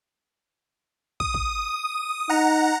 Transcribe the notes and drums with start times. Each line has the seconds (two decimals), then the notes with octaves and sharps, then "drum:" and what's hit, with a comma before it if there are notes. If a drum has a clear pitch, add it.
1.20 D#6, drum: kick
1.34 drum: kick
2.29 D#4 F#5 A#5